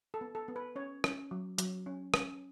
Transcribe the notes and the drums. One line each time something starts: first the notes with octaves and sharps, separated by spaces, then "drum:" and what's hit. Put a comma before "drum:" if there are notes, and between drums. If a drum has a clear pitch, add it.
A4
B3
A4
B3
B4
C#4 C#5
C#4, drum: rim click
F#3
F#3, drum: hi-hat
C#4
C#4, drum: rim click